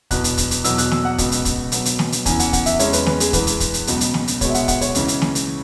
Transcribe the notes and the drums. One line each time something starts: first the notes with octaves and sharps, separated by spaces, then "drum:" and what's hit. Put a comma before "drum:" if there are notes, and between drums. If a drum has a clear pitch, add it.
E2 B2 B3 F#6, drum: kick, hi-hat
drum: hi-hat
drum: kick, hi-hat
drum: hi-hat
E2 B2 F#3 E6, drum: hi-hat
F#6, drum: hi-hat
E6, drum: snare
F#5
C#2 B2 B3, drum: kick, hi-hat
drum: hi-hat
drum: kick, hi-hat
B2 F#3 B3, drum: hi-hat
drum: hi-hat
drum: snare
drum: hi-hat
E2 C#3 E3 G#5, drum: kick, hi-hat
F#5, drum: hi-hat
F#5, drum: kick, hi-hat
E5, drum: hi-hat
E2 C#3 G#3 C#5, drum: hi-hat
B4, drum: hi-hat
B4, drum: snare
G#4, drum: hi-hat
E2 E3 G#3 B3 B4, drum: kick, hi-hat
drum: hi-hat
drum: kick, hi-hat
drum: hi-hat
C#2 B2 F#3 B3, drum: hi-hat
drum: hi-hat
drum: snare
drum: hi-hat
B2 G#3 B3 C#5, drum: kick, hi-hat
E5
F#5, drum: hi-hat
F#5, drum: kick, hi-hat
C#5, drum: hi-hat
C#2 C#3 E3, drum: hi-hat
drum: hi-hat
drum: snare
drum: hi-hat